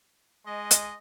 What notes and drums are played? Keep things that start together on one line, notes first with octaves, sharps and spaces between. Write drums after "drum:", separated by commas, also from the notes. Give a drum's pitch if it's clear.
G#3 D#5
drum: hi-hat